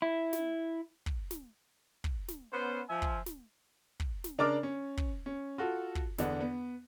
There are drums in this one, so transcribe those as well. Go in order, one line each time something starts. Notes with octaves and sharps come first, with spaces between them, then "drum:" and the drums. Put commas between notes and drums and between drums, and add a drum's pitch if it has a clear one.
E4
drum: snare
drum: kick
drum: snare
drum: kick
drum: snare
B3 C#4 C5
F3 E5 G#5
drum: kick
drum: snare
drum: kick
drum: snare
C#3 D4 A#4 D5 D6 F6
C#4
drum: kick
C#4
F4 F#4 A4
drum: kick
E2 D3 B3 D4, drum: snare
B3